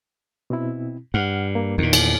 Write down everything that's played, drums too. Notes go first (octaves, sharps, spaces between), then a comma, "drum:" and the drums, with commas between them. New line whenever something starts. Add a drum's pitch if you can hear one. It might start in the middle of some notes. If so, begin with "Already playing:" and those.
B2 C4 E4
G2 F#5 F6
A#3
E2 A#2 D#3
drum: cymbal